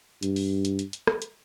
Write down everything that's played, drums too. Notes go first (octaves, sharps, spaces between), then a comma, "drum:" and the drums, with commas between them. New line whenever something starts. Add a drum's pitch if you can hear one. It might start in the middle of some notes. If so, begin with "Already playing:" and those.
G2, drum: hi-hat
drum: open hi-hat
drum: hi-hat
drum: hi-hat
drum: hi-hat
drum: rim click
drum: hi-hat